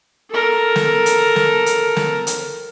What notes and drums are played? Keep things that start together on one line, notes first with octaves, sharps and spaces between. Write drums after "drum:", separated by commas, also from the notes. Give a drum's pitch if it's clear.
A4 A#4
drum: snare
drum: hi-hat
drum: snare
drum: hi-hat
drum: snare
drum: hi-hat